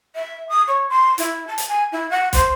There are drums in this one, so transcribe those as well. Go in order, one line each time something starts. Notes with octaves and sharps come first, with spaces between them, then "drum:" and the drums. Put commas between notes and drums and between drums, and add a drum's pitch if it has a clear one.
E5
D#6
C#5
C6
E4, drum: hi-hat
A5
drum: hi-hat
G#5
E4
F#5
C5, drum: kick, hi-hat